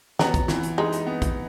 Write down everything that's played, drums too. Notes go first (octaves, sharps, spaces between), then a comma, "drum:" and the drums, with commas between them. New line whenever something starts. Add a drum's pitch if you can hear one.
F#3 B3, drum: snare
drum: kick, hi-hat
E3, drum: snare
drum: hi-hat
G#3 D#4
drum: hi-hat
B3
drum: kick, hi-hat